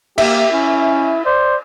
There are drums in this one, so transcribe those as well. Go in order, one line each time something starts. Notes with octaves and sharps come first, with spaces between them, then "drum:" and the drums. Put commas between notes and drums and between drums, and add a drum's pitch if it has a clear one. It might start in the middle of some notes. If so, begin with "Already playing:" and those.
A#3 G4 E5, drum: cymbal
C#4 E4
C5 D5